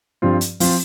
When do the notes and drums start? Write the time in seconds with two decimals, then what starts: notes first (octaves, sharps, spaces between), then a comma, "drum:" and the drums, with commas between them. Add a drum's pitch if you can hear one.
0.22 G2 F3 C4 F4
0.41 drum: hi-hat
0.60 F3 C4 F4, drum: open hi-hat